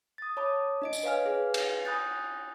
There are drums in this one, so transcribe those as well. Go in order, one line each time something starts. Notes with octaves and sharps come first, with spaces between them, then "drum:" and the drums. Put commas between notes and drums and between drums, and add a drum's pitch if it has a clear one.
D#6 A6
C#5 A5 B5 D6 D#6
D4 D#5 D7
drum: tambourine
B4 C#5 F5 G#5 F6
G#4 B4 F5 G#5
drum: cymbal
G#5 B5 D#6 F#6 G6 A6